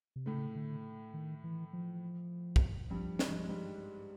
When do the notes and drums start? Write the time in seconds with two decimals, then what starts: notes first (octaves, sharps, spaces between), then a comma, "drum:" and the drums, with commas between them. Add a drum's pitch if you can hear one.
0.16 C3
0.26 A2 C#3 A3
0.56 D3
1.14 D#3
1.44 E3
1.73 F3
2.56 drum: kick
2.90 G2 F3 G3
3.19 G#2 G#3, drum: snare
3.28 E3
3.35 F3
3.49 G2 G3